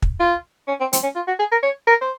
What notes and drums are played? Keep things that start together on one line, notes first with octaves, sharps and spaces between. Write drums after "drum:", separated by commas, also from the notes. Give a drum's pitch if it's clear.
drum: kick
F4
C#4
C4
C4, drum: hi-hat
C#4
F4
F#4
G#4
A#4
C#5
A#4
C5